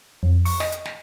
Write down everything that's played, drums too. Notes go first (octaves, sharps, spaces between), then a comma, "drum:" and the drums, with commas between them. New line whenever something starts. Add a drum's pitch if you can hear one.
F2
C#6, drum: open hi-hat
D#5, drum: snare
drum: hi-hat
drum: snare